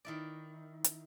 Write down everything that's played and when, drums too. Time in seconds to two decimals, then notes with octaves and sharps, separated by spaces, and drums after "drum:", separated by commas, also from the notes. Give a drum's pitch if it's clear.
0.05 D#3 E4 D5
0.84 drum: hi-hat